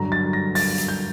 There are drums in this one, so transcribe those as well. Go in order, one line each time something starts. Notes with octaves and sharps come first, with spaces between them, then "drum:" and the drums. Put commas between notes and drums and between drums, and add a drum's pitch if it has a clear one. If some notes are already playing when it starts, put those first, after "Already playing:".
Already playing: G2 D3 F#3 A#5
A6
A#6
A6, drum: open hi-hat
drum: hi-hat
G6